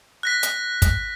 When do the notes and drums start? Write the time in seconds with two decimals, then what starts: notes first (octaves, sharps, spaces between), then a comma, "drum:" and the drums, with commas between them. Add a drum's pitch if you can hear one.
0.23 F#6 A#6 B6
0.43 drum: hi-hat
0.82 drum: kick, hi-hat